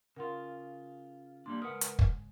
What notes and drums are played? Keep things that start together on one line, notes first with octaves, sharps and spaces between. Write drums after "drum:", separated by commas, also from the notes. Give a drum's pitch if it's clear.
C#3 F4 A#4 F#5 C6
G3 A#3 D4 C6
C#3 G#3 A#4 B4 F#5 D#6
drum: hi-hat
drum: kick